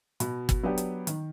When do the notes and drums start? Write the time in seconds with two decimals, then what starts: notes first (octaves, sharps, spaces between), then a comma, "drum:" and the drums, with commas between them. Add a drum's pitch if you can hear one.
0.20 B2, drum: hi-hat
0.49 drum: kick, hi-hat
0.63 F#3 B3 D4 G4
0.78 drum: hi-hat
1.07 D#3, drum: hi-hat